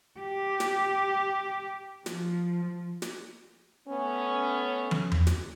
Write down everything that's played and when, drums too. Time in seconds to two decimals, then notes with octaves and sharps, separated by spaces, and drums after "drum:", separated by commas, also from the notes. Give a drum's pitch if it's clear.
0.20 G4
0.60 drum: snare
2.06 F3, drum: snare
3.02 drum: snare
3.89 A3 B3 C#4
4.91 drum: tom
5.12 drum: tom E2
5.27 drum: snare